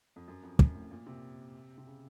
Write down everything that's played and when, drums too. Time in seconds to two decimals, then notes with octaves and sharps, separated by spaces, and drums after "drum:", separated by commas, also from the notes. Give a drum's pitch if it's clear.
0.16 F2
0.28 F#2
0.43 F2
0.59 F#2, drum: kick
0.75 A2
0.91 A#2
1.06 C3
1.78 C3
1.87 C#3